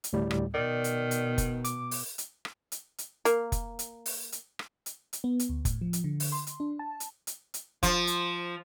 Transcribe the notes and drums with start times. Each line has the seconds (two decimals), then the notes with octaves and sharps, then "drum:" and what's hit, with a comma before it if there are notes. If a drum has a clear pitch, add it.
0.04 drum: hi-hat
0.13 D2 A2 G3
0.31 drum: rim click
0.54 B2 D#3 D5
0.84 drum: hi-hat
1.11 drum: hi-hat
1.38 drum: kick F1, hi-hat
1.65 D6, drum: hi-hat
1.91 drum: open hi-hat
2.18 drum: hi-hat
2.45 drum: rim click
2.72 drum: hi-hat
2.98 drum: hi-hat
3.25 A#3, drum: hi-hat
3.52 drum: kick F1, hi-hat
3.79 drum: hi-hat
4.06 drum: open hi-hat
4.32 drum: hi-hat
4.59 drum: rim click
4.86 drum: hi-hat
5.13 drum: hi-hat
5.24 B3
5.39 drum: hi-hat
5.49 D2
5.65 A2, drum: kick F1, hi-hat
5.81 F3
5.93 drum: hi-hat
6.04 D3
6.20 drum: open hi-hat
6.32 C6
6.47 drum: hi-hat
6.60 D4
6.79 A5
7.00 drum: hi-hat
7.27 drum: hi-hat
7.54 drum: hi-hat
7.83 F3, drum: kick F1, hi-hat
8.07 drum: hi-hat